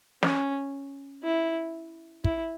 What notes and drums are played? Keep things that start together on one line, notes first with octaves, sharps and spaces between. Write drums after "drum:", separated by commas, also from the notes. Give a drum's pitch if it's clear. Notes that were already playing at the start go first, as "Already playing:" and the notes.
C#4, drum: snare
E4
E4, drum: kick